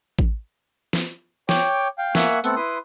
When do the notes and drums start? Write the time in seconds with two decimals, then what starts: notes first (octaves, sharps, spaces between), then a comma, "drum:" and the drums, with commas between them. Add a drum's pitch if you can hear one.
0.19 drum: kick A1
0.93 drum: snare
1.49 C#5 G5 D6, drum: snare
1.98 F5 G5
2.15 A#3 E5 F#5 G#5 C#6 F#6, drum: snare
2.44 A3 B3 C4 A4 F#5, drum: hi-hat
2.56 E4 B4 C6 D#6